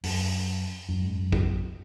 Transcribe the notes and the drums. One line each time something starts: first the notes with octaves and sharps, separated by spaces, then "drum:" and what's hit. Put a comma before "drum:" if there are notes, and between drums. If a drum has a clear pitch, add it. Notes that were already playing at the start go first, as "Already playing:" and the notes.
F#2, drum: open hi-hat
F#2
G#2
F#2
drum: kick